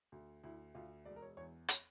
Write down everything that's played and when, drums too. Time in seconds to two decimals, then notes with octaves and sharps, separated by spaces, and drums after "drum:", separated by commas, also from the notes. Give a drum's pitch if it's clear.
0.12 D2
0.43 D2 E4
0.75 D2 F4
1.05 E1 D5
1.16 A#4
1.22 C#5
1.37 E2 C#5
1.68 C#5, drum: hi-hat